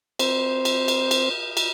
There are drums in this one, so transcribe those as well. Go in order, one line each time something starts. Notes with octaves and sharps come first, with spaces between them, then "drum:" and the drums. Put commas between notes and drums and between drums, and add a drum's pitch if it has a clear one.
C4 C5, drum: cymbal
drum: cymbal
drum: cymbal
drum: cymbal
drum: cymbal